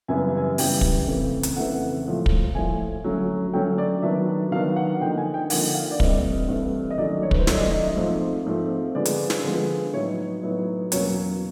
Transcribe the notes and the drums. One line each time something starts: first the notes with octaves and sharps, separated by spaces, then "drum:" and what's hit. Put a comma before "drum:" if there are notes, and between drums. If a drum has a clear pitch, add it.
F#2 C#3 E3 G3 B3 G#5
G#5
F#2 C#3 E3 G3 B3 G5, drum: open hi-hat
drum: kick
F2 C#3 E3 A3
drum: hi-hat
F2 C#3 E3 A3 F#5
A2 F3 A3
drum: kick
A2 F3 A3 G#5
D3 F#3 A3 C#4
D3 F#3 A3 C#4 G5
D5
D#3 F#3 B3 D4 E5
D#3 F#3 B3 D4 F5
F#5
D3 F3 A#3 D#4 G5
G#5
G5
D3 F3 A#3 D#4 F#5, drum: open hi-hat
F5
D5
G2 E3 A3 C4 D#5, drum: kick
G2 E3 A3 C4
D#5
D#3 F#3 A3 C#4 D5
C#5
B4, drum: kick
C5
D#3 F#3 A3 C#4 C#5, drum: snare
D#5
D5
D#5
E5
G#2 F3 A3 C4
G#2 F3 A3 C4
D3 F3 G#3 B3 D5
drum: hi-hat
drum: snare
D3 F3 G#3 B3
A2 F#3 B3 D#4 C#5
A2 F#3 B3 D#4
E2 B2 F#3 A#3 C#4 C#5, drum: hi-hat